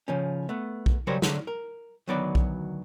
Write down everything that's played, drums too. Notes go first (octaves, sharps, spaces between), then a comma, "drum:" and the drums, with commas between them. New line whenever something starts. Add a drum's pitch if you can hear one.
C#3 F3 C#4
A3 B3
drum: kick B1
C#3 F#3 G3 A#4 C5 C#5
D3 F#3 A3 D4, drum: snare
A#4
D2 D#3 F#3 B3 D5 B5
drum: kick B1